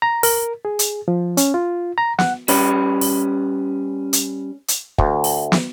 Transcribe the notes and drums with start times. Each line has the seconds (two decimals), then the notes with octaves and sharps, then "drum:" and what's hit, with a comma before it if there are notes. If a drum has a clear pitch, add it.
0.02 A#5
0.23 A#4, drum: open hi-hat
0.65 G#4
0.79 drum: hi-hat
1.08 F3
1.37 C#4, drum: hi-hat
1.54 F4
1.98 A#5
2.19 F#5, drum: snare
2.48 G3 C#4 B4, drum: open hi-hat
3.01 drum: open hi-hat
4.13 drum: hi-hat
4.68 drum: hi-hat
4.98 D2, drum: kick
5.24 drum: open hi-hat
5.52 drum: snare